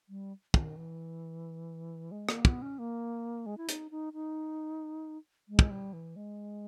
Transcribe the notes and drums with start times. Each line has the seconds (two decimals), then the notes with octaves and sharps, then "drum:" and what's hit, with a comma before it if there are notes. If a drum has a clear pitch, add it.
0.09 G3
0.54 D#3, drum: kick
0.77 E3
2.11 G#3
2.29 A#3, drum: rim click
2.45 B3, drum: kick
2.62 C#4
2.79 A#3
3.46 G#3
3.58 E4
3.69 D#4, drum: hi-hat
3.91 D#4
4.13 D#4
5.49 G#3
5.59 drum: kick
5.71 G3
5.93 E3
6.16 G#3